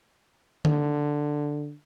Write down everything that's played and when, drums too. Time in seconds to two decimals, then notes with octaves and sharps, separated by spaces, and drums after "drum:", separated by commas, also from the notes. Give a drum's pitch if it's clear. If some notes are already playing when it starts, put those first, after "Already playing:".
0.65 D3, drum: tom D3